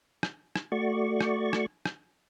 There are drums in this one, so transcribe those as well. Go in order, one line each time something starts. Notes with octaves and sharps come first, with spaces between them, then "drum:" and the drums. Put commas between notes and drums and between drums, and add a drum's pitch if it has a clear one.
drum: rim click
drum: rim click
A3 F#4 D5 C#6
drum: rim click
drum: rim click
drum: rim click